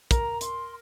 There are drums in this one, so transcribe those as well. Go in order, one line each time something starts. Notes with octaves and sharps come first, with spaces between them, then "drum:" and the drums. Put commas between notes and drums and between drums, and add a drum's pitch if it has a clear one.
A#4 A#5, drum: kick, hi-hat
C6, drum: hi-hat